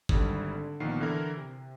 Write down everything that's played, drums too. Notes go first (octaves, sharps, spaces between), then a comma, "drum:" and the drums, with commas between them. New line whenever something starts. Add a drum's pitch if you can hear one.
G#1 D3 G3, drum: kick G#1
D3
A#1 D#3 A#3 B3 C7
D3 E3 E4 A#4
C3